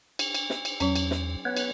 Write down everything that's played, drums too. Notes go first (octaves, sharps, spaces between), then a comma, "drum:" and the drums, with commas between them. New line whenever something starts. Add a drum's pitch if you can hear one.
drum: cymbal
drum: cymbal
drum: snare
drum: cymbal
E2 F#3 C#4, drum: cymbal
drum: cymbal
drum: snare
B3 B4 C#5
drum: cymbal